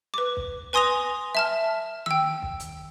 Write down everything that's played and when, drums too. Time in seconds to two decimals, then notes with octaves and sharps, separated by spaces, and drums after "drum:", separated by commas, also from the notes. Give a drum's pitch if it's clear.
0.14 B4 D6
0.37 drum: kick
0.73 B4 G#5 C6 D#6 A#6 F7
1.35 E5 A5 F6
2.06 G5 E6, drum: tom D#3
2.42 drum: kick
2.60 drum: hi-hat